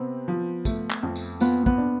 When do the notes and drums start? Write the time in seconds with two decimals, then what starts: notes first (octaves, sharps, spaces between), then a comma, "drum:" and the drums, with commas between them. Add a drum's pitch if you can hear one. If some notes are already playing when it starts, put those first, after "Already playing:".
Already playing: C3 B3 C4
0.28 F3
0.65 A3, drum: kick, tambourine
0.90 drum: clap
1.03 F2
1.15 drum: tambourine
1.40 B3 F4, drum: tambourine
1.66 B3, drum: kick
1.78 D4